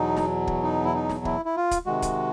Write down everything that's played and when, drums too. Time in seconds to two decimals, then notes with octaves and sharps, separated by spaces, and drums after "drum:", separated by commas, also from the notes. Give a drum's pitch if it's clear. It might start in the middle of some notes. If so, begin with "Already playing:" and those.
Already playing: E2 B2 F#3 D#4
0.16 drum: snare
0.47 drum: kick
0.63 D#4
0.85 E4
0.94 D#4
1.09 drum: snare
1.25 E4, drum: kick
1.45 E4
1.56 F4
1.71 drum: kick, hi-hat
1.86 C3 D#3 G#3 F#4
2.02 drum: kick, hi-hat